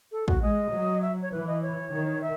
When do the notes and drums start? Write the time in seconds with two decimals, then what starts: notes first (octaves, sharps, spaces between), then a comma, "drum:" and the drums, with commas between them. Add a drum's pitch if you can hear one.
0.12 A4
0.28 F#4, drum: kick
0.42 G#3 D#5
0.72 F#3
1.02 E5
1.22 C#5
1.32 E3 B4
1.47 D#5
1.62 C#5
1.92 D#3
2.22 E5